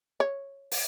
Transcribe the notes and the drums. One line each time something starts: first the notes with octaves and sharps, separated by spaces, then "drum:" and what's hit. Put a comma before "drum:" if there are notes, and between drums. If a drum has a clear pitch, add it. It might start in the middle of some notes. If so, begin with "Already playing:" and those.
C#5
drum: open hi-hat